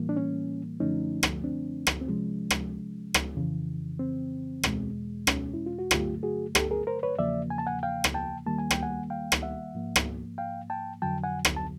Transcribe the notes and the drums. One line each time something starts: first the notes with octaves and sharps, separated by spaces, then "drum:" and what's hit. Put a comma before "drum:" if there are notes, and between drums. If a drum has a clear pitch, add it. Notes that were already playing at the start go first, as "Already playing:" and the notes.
Already playing: A2 E3 G3 A#3
D4
C#4
F#2 D3 F3 A3 C#4 D#4
drum: rim click
C4 D4
drum: rim click
C4
C2 C3 F3 G#3 C#4
drum: rim click
drum: rim click
F2 C#3 E3
C4
E2 B2 G#3, drum: rim click
C#4, drum: rim click
E4
F4
F#4
G2 D3 F#3 A3 F4 G4, drum: rim click
F#4 G#4
G4 A4, drum: rim click
G#4 A#4
A#4 C5
B4 C#5
E2 C#3 F3 A#3 D5 E5
G#5
A5
F#5 G#5
F5 G5
drum: rim click
G5 A5
D#2 D#3 G3 A#3 A5
G#5
G5, drum: rim click
F#5 G#5
F5 G5
drum: rim click
E5 F#5
G#2 F3 A#3
drum: rim click
F5 G5
G5 A5
F2 D3 F#3 G5 A5
F#5 G#5
drum: rim click
A5